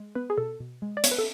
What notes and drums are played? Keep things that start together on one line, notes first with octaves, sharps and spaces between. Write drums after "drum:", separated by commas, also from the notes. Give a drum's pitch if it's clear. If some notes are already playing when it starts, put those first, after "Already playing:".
Already playing: G#3
B3 B4
G#4
B2 A4
B2
G#3
D5
B3 C#5, drum: hi-hat
B4
A4